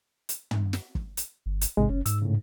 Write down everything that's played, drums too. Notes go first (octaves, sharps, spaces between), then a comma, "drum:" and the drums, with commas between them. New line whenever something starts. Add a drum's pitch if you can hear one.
drum: hi-hat
drum: tom
drum: snare
drum: kick
drum: hi-hat
G1
drum: hi-hat
A1 G#2 C3 G#3
F#1 C#4
G#2 E6, drum: hi-hat
A2 C#3